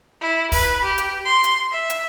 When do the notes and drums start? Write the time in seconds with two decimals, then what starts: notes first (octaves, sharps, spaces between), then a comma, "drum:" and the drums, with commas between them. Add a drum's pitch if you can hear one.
0.21 E4
0.52 B4, drum: kick, open hi-hat
0.85 G4
0.98 drum: hi-hat
1.25 C6
1.44 drum: hi-hat
1.72 E5
1.90 drum: hi-hat